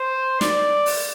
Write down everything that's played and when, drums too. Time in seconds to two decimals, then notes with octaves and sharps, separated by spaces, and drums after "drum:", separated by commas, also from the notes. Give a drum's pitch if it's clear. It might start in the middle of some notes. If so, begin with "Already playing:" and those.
Already playing: C5
0.41 D5, drum: snare
0.86 drum: open hi-hat